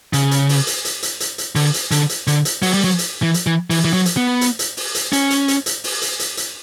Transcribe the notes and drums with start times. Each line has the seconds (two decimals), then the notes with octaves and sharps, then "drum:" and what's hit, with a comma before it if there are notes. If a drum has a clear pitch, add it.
0.13 C#3, drum: hi-hat
0.31 drum: hi-hat
0.49 drum: open hi-hat
0.67 drum: hi-hat
0.85 drum: hi-hat
1.03 drum: hi-hat
1.20 drum: hi-hat
1.38 drum: hi-hat
1.55 D3, drum: open hi-hat
1.74 drum: hi-hat
1.91 D3, drum: hi-hat
2.09 drum: hi-hat
2.27 D3, drum: hi-hat
2.45 drum: hi-hat
2.62 F#3, drum: open hi-hat
2.74 G3
2.84 F#3
2.99 drum: hi-hat
3.23 E3
3.34 drum: hi-hat
3.47 E3
3.70 E3, drum: open hi-hat
3.85 E3
3.94 F#3
4.06 drum: hi-hat
4.17 B3
4.41 drum: hi-hat
4.59 drum: hi-hat
4.77 drum: open hi-hat
4.95 drum: hi-hat
5.13 C#4, drum: hi-hat
5.30 drum: hi-hat
5.48 drum: hi-hat
5.66 drum: hi-hat
5.84 drum: open hi-hat
6.02 drum: hi-hat
6.19 drum: hi-hat
6.37 drum: hi-hat